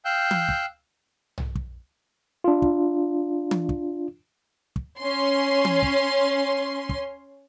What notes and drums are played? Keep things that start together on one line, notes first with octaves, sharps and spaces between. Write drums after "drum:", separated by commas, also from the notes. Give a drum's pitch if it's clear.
F5 G5 E6 F#6 G6
drum: tom E3
drum: kick
drum: tom B1
drum: kick
D4 F4
drum: kick
drum: tom E3
drum: kick
drum: kick
C#4 C6
drum: tom E3
drum: kick
drum: kick